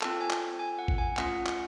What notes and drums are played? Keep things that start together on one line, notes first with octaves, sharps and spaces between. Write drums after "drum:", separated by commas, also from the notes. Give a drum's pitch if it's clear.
C4 F4 A4 A5, drum: clap
G#5
drum: clap
G#5
F#5
drum: kick
G#5
A3 C#4 F4 F#5, drum: clap
drum: clap